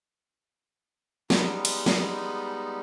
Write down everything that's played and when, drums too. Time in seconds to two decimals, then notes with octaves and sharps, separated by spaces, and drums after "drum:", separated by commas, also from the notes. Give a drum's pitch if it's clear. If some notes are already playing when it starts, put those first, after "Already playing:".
1.30 G3 G#3 B3 D#4, drum: snare
1.65 drum: cymbal
1.86 drum: snare